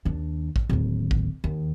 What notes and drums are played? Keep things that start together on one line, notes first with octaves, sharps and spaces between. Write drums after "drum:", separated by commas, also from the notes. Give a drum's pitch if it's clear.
D#2 D4
drum: kick A1
D1 D#2
drum: kick A1
D#2